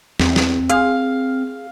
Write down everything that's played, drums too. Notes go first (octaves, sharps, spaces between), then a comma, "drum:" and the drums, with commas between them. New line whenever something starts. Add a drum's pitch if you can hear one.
E2 C4, drum: snare
drum: snare
G#4 F5, drum: hi-hat